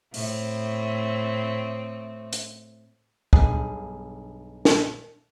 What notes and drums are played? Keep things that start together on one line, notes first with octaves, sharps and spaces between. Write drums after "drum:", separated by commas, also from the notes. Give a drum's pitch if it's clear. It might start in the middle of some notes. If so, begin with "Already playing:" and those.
A2 C4, drum: open hi-hat
drum: hi-hat
B1 G2 G#4, drum: kick
drum: snare